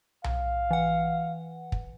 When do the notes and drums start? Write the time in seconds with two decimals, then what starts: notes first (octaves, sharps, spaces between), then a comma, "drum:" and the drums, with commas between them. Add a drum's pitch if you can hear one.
0.24 F5, drum: tom B1
0.71 E3 F#5
1.72 drum: kick